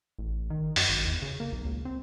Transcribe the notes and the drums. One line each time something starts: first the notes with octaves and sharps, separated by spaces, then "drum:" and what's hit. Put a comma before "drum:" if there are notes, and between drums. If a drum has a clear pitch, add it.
A1
D#3
F#2, drum: open hi-hat
G#1
E2
C#3
A#3
B1
C#2
C4